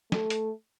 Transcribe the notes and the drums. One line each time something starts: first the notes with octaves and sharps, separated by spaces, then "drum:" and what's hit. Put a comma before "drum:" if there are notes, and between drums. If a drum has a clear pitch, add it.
A3, drum: snare
drum: hi-hat